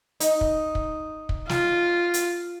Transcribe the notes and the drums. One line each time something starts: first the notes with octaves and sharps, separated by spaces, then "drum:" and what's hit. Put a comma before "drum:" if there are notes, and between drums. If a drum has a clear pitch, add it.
D#4, drum: hi-hat
drum: kick
drum: kick
drum: kick
F4, drum: snare
drum: hi-hat